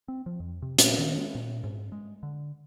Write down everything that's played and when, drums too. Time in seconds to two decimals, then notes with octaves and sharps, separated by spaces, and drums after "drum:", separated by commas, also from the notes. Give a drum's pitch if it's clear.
0.08 C4
0.26 F3
0.40 F2
0.62 C3
0.79 A#2, drum: hi-hat
0.99 D#3
1.17 G#3
1.35 A#2
1.64 G#2
1.92 G#3
2.23 D3